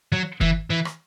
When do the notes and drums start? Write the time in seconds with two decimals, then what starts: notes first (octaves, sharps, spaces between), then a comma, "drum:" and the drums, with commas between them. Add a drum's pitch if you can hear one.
0.12 F#3
0.41 E3, drum: kick
0.70 E3
0.85 drum: rim click